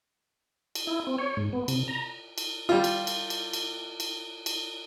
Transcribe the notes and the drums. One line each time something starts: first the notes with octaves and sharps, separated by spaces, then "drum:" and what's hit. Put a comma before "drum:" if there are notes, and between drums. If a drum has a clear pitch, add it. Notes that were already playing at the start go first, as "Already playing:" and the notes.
drum: cymbal
E4
C4
C#5
G#2
B3
C3, drum: cymbal
A#5
drum: cymbal
G3 F4
drum: cymbal
drum: cymbal
drum: cymbal
drum: cymbal
drum: cymbal
drum: cymbal